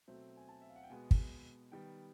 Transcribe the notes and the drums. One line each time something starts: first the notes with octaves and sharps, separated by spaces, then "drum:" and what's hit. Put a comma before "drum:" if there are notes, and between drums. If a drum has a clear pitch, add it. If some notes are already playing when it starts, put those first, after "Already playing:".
B2 F#3 A3 C4
G#5
A5
E5
F5
F#5
G5
B2 G#3 B3 G#5
drum: kick
D#3 G3 B3 G5